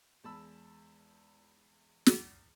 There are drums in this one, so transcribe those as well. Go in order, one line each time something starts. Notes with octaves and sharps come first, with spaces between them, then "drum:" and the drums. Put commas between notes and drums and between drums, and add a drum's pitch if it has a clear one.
E2 G#3 A5 B5 E6
drum: snare